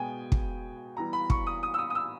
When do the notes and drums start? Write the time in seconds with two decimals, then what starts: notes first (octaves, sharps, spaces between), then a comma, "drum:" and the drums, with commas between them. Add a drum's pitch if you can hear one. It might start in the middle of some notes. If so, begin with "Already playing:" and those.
Already playing: B2 G#3 B3 G5 G#5
0.32 drum: kick
0.97 E3 G3 B3 A#5
1.13 B5
1.30 C#6, drum: kick
1.47 D#6
1.63 D#6
1.74 E6
1.78 D#6
1.90 D#6
1.95 E6